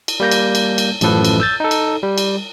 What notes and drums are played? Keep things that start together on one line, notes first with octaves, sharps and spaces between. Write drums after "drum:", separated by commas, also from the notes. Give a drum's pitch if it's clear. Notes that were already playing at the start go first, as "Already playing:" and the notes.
drum: cymbal
G3 A#3 G6 A#6
drum: cymbal
drum: cymbal
drum: cymbal
A1 F#2 A2 F3 A4 B4, drum: cymbal
drum: cymbal
E6 G6 A6
D#4 A4
drum: cymbal
G3
drum: cymbal